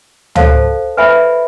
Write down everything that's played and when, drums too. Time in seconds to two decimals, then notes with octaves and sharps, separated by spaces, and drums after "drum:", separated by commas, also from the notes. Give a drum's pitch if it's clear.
0.35 A4 C5 F5 A5, drum: tom C#2
0.97 B4 E5 G#5 B5